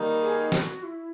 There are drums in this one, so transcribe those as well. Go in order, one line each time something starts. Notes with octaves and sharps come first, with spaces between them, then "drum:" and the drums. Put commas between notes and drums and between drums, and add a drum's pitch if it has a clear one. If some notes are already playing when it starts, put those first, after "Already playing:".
Already playing: D#3 G3 A#3 D#4
G#4
F#4, drum: snare
E4